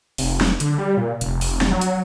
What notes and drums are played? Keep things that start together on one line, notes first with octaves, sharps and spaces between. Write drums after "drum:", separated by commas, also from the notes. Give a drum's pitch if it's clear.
F1, drum: open hi-hat
drum: snare
D3, drum: hi-hat
G3
A#2
F1, drum: hi-hat
drum: open hi-hat
drum: snare
F#3
drum: hi-hat